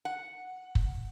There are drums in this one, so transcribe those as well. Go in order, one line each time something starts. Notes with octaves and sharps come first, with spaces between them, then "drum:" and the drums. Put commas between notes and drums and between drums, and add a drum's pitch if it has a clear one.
F#5
drum: kick